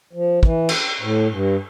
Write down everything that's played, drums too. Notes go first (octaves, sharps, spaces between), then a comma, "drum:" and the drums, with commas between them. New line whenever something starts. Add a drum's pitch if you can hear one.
F3
E3, drum: kick
drum: cymbal
A2
G2